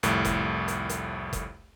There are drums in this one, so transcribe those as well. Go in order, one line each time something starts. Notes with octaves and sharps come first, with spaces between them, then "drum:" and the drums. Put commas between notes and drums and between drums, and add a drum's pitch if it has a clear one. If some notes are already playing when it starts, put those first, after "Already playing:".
C2 F2 A2, drum: hi-hat
drum: kick F#1, hi-hat
drum: hi-hat
drum: hi-hat
drum: kick F#1, hi-hat